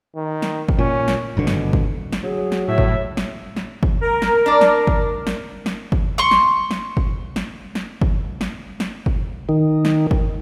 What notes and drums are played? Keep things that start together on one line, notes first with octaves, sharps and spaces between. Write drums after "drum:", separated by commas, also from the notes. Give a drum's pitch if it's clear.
D#3
drum: snare
drum: kick G1
A#2 C#4
drum: snare
G#1 G2 B2 D3
drum: snare
drum: kick G1
drum: snare
F#3 G#4
drum: snare
A2 C#5 E5
drum: kick G1
drum: snare
drum: snare
drum: kick G1
A#4
drum: snare
D4 D5
drum: snare
drum: kick G1
drum: snare
drum: snare
drum: kick G1
C6 C#6
drum: snare
drum: snare
drum: kick G1
drum: snare
drum: snare
drum: kick G1
drum: snare
drum: snare
drum: kick G1
D#3
drum: snare
drum: kick G1